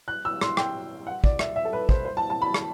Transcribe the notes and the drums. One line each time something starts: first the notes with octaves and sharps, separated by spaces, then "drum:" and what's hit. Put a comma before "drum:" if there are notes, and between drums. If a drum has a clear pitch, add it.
F#6
E6
C6, drum: rim click
G5, drum: rim click
F#5
D5, drum: kick
E5, drum: rim click
E5
A4
B4
C5, drum: kick
C5
A5
A5
B5
drum: rim click